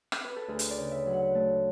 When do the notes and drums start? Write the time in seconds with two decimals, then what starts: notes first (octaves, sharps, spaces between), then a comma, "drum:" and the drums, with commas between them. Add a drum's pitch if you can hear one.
0.12 drum: rim click
0.25 B4
0.36 A4
0.48 D2 G#4
0.59 drum: hi-hat
0.71 D5
0.77 C#3
0.92 E5
1.06 F#3
1.13 F#5
1.34 A3 A5